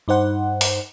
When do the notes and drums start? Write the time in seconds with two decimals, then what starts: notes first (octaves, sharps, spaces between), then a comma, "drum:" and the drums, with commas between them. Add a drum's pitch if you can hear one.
0.08 G2 D#4 C5 F#5
0.61 drum: open hi-hat